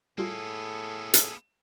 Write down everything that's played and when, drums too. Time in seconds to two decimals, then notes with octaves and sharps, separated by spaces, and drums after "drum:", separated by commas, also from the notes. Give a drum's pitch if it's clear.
0.18 A2 G3 A#3 B3 F4 F#4 G#4 A4
1.14 drum: hi-hat